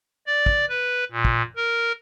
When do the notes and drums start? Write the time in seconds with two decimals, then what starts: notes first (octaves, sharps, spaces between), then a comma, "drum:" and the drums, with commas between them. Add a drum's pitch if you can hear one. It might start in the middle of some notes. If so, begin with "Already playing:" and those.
0.27 D5
0.46 drum: kick
0.69 B4
1.12 A#2
1.25 drum: kick
1.56 A#4